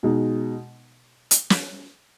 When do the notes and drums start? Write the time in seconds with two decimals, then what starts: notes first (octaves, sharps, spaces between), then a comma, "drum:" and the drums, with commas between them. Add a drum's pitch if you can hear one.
0.03 B2 G#3 D#4
1.31 drum: hi-hat
1.50 drum: snare